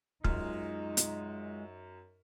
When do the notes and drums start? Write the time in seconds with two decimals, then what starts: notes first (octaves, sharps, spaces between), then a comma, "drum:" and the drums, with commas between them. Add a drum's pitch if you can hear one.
0.24 F#2 G#3 D#4 F4 F6, drum: kick
0.97 drum: hi-hat